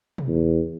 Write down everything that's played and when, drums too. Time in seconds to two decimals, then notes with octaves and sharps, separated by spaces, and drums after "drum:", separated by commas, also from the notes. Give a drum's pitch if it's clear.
0.18 drum: tom
0.28 E2